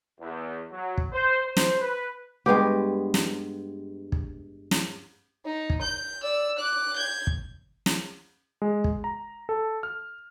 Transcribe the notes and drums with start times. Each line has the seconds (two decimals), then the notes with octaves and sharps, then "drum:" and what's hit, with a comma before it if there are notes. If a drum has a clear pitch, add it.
0.20 E2
0.72 F#3
0.98 drum: kick
1.13 C5
1.45 C5
1.57 drum: snare
1.81 B4
2.46 G2 G#3 B3 G4
3.14 drum: snare
4.12 drum: kick
4.71 drum: snare
5.45 D#4
5.70 drum: kick
5.81 G6
6.22 D5 E6
6.58 D6 F#6
6.96 G6 G#6
7.27 drum: kick
7.86 drum: snare
8.62 G#3
8.84 drum: kick
9.04 A#5
9.49 A4
9.83 F6